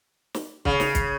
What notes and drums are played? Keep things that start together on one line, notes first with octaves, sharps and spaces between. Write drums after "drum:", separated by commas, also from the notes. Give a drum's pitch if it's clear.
drum: snare
C#3, drum: kick
drum: snare
drum: kick, hi-hat